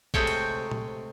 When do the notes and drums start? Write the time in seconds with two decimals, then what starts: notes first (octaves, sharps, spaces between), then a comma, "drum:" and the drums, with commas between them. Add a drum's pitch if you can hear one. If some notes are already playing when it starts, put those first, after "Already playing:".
0.14 C3 G#3 A3 C5 C#5 G5, drum: kick A1
0.27 drum: cymbal
0.71 drum: tom A#2